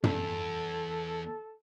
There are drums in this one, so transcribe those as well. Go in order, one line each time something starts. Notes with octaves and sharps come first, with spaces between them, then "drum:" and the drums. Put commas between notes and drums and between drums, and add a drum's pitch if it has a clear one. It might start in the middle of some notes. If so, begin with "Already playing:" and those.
E2 A4, drum: tom